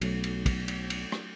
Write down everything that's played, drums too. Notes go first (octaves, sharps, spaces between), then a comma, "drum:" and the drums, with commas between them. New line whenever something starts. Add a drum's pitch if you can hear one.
B1 F#3 A3, drum: cymbal
drum: cymbal
drum: kick, cymbal
drum: cymbal
drum: cymbal
drum: rim click